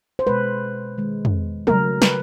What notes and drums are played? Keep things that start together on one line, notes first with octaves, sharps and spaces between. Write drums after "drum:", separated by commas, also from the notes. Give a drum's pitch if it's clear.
C5
B2 G#3 B4
D#3 G#3
drum: tom
C#3 F#3 A3 A#4, drum: tom
B4, drum: snare